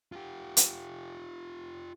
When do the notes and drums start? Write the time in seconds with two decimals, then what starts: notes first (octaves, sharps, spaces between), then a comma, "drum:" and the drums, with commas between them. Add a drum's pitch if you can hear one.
0.12 F4 G4
0.57 drum: hi-hat